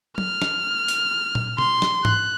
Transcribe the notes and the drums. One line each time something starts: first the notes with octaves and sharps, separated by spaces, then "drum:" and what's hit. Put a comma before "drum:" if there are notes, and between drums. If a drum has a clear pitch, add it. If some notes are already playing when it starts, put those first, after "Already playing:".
F6, drum: tom F#3
drum: snare
drum: open hi-hat
drum: tom A#2
C6, drum: tom B2
drum: snare
F#6, drum: tom G#2